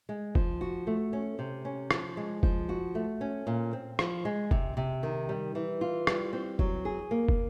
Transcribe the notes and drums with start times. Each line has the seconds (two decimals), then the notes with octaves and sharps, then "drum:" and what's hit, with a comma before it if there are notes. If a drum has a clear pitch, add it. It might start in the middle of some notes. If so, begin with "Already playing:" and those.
0.09 G#3
0.35 F3, drum: kick
0.61 F#4
0.87 A3
1.13 C#4
1.39 C3
1.65 C#4
1.91 F3, drum: rim click
2.17 G#3
2.43 F3, drum: kick
2.69 F#4
2.95 A3
3.21 C#4
3.47 A#2
3.73 C4
3.99 F3, drum: rim click
4.25 G#3
4.51 C3, drum: kick
4.77 C3
5.03 D#3
5.29 G3
5.55 E3
5.81 F4
6.07 G3, drum: rim click
6.33 C4
6.59 F#3, drum: kick
6.85 G#4
7.11 A#3
7.28 drum: kick